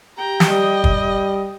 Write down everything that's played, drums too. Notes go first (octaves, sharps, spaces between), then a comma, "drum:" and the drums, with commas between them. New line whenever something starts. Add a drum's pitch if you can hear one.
G4 G5 A#5
drum: snare
G3 D#5
drum: kick